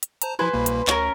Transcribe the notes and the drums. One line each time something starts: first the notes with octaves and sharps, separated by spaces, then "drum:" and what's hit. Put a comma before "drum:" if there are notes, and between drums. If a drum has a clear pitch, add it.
drum: hi-hat
C5 A5 A#5, drum: hi-hat
F3 E4 B4 C5 G#5
C2 B2 A#3
drum: hi-hat
D2 C#4 A#4, drum: clap